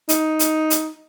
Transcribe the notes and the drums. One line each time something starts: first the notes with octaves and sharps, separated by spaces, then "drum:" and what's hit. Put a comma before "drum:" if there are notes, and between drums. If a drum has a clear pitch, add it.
D#4, drum: hi-hat
drum: hi-hat
drum: hi-hat